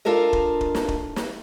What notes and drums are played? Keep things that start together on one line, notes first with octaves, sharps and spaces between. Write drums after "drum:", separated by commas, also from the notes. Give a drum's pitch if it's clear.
D4 F4 A4 A#4 D#5
drum: kick D#1
drum: kick D#1
drum: snare
drum: kick D#1
drum: snare